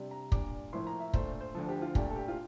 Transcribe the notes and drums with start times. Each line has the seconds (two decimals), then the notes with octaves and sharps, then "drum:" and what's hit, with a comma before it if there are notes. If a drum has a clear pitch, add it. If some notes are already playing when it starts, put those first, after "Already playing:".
Already playing: C3 G3 D4
0.11 A#5
0.32 A#2 G3 D4 D6, drum: kick
0.73 A2 F3 A#3 E4 C6
0.87 A#5
1.00 E5
1.13 A#2 A3 D4 C5, drum: kick
1.41 C5
1.55 D2 D3 F3 A4
1.68 G4
1.82 F4
1.95 A#2 A3 D4 G4, drum: kick
2.10 A4
2.16 G4
2.28 F4